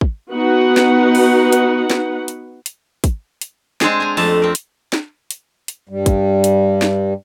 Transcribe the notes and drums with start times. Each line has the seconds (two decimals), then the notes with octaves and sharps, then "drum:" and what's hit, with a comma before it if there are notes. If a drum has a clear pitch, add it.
0.01 drum: kick
0.31 B3 D#4 F#4 B4 F#5
0.77 drum: snare
1.15 drum: open hi-hat
1.53 drum: hi-hat
1.90 drum: snare
2.28 drum: hi-hat
2.66 drum: hi-hat
3.04 drum: kick, hi-hat
3.42 drum: hi-hat
3.81 G#3 C4 D4 G#4, drum: snare
4.00 G#5 A#5
4.17 F2 A3 A5, drum: open hi-hat
4.42 C4 A#4
4.55 drum: hi-hat
4.93 drum: snare
5.31 drum: hi-hat
5.68 drum: hi-hat
5.89 G2 G3
6.06 drum: kick, hi-hat
6.44 drum: hi-hat
6.82 drum: snare